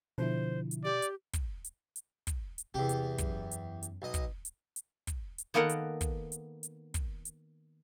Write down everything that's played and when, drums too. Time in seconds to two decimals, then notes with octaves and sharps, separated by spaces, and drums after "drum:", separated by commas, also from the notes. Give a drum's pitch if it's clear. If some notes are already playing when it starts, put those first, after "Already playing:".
0.18 B2 D3 F3 E4 C5
0.71 drum: hi-hat
0.84 G4 D5
1.02 drum: hi-hat
1.33 drum: kick, hi-hat
1.65 drum: hi-hat
1.96 drum: hi-hat
2.27 drum: kick, hi-hat
2.58 drum: hi-hat
2.74 E2 C3 G4
2.89 drum: hi-hat
3.18 F#2, drum: kick, hi-hat
3.52 drum: hi-hat
3.83 drum: hi-hat
4.02 B1 D#5
4.14 drum: kick, hi-hat
4.45 drum: hi-hat
4.76 drum: hi-hat
5.07 drum: kick, hi-hat
5.38 drum: hi-hat
5.54 D#3 A#3 B3 A4 A#4 F#5
5.70 drum: hi-hat
6.01 drum: kick, hi-hat
6.32 drum: hi-hat
6.63 drum: hi-hat
6.94 drum: kick, hi-hat
7.25 drum: hi-hat